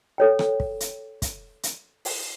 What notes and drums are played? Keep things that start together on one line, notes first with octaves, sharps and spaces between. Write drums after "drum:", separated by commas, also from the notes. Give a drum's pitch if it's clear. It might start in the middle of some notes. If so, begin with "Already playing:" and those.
A4 C#5 G5
drum: rim click
drum: kick
drum: hi-hat
drum: kick, hi-hat
drum: hi-hat
drum: open hi-hat